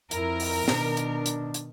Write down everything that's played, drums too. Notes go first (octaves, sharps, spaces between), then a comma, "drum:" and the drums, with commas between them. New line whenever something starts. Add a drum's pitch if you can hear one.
F2 E4 A#4, drum: hi-hat
drum: open hi-hat
B2 D#3 D4, drum: snare
drum: hi-hat
drum: hi-hat
drum: hi-hat